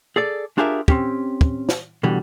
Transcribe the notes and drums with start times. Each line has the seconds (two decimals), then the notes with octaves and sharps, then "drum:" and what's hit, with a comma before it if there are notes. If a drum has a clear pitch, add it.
0.16 G#4 A4 D5
0.58 D4 F4 G4 G#4 A#4 E5
0.88 C4 C#4 G4, drum: kick
1.41 drum: kick
1.69 drum: snare
2.03 B2 D3 E3 G3